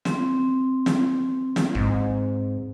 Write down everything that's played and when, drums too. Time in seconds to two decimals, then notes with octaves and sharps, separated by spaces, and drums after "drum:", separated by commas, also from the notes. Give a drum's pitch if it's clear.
0.05 C4, drum: snare
0.86 drum: snare
1.56 drum: snare
1.75 G#2, drum: kick